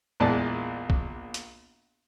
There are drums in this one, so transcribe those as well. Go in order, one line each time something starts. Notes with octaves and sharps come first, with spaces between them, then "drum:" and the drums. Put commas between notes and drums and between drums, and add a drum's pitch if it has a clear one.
A#1 E2 A#2 G#3 D5 A5
drum: kick
drum: hi-hat